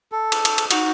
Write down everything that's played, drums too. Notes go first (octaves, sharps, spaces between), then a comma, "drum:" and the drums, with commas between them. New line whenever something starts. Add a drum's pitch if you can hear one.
A4
drum: cymbal
drum: cymbal
drum: cymbal
D#4 F#4, drum: cymbal